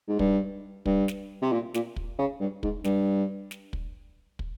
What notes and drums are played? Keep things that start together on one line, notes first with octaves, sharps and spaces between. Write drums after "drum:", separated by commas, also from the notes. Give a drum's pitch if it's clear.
G#2
G2, drum: kick
G2, drum: kick
drum: snare
C3
A#2
A#2, drum: snare
drum: kick
C#3
G2
G#2, drum: kick
G2, drum: snare
drum: snare
drum: kick
drum: kick